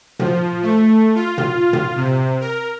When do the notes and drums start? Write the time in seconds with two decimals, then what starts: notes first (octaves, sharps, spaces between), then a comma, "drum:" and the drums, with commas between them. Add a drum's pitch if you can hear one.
0.19 F3, drum: tom
0.63 A3
1.15 F4
1.38 drum: tom
1.73 drum: tom
1.96 C3
2.41 A#4